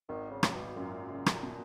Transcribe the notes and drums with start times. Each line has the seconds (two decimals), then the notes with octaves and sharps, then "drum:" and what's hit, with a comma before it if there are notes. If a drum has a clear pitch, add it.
0.09 G#1 D#3
0.31 C#3
0.43 G#1, drum: rim click
0.54 B2
0.76 F#2 A#2
1.09 C#3
1.26 drum: rim click
1.43 B2